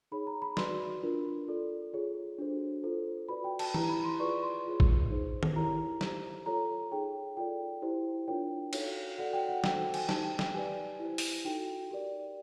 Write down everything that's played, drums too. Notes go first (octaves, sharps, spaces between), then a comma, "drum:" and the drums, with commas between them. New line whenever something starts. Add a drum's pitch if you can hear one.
D#4 G#4 C#5 B5
A#5
B5
F#4 B4 D5 C6, drum: snare
D4 F4 A#4
F4 A4 D5
F4 G#4 C#5
D4 F#4 A4 C5
F4 A4 C5
F#4 B4 D5 B5
G5
A5, drum: cymbal
E4 G4 B4 D5 A#5, drum: tom E3
B5
C6
F4 G#4 B4 D5 C#6
C6
F4 G#4 C#5
drum: kick
D#4 G#4 C5
drum: tom
E4 G4 A#4 C#5 A#5
G4 C5, drum: snare
F4 A4 C#5 A#5
D#4 G#4 C#5 G5
F4 A4 D5 G5
E4 G4 C5
D4 F4 A#4 C#5 G5
D#4 F#4 A4 C#5, drum: cymbal
F#4 A4 D5 F#5
G5
F#5
F#4 A4 C5 G5, drum: snare
G5
G#5, drum: cymbal
D#4 G4 C5 A5, drum: snare
G5
G5, drum: snare
G4 B4 D5 G#5
E4 G4 C5
drum: open hi-hat
D#4 F#4 A4 G5
G4 A#4 D5